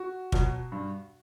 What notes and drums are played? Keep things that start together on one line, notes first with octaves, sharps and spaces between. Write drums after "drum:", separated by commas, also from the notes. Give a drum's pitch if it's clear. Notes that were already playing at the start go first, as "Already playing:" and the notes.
Already playing: F#4
B2 F#3, drum: kick
G2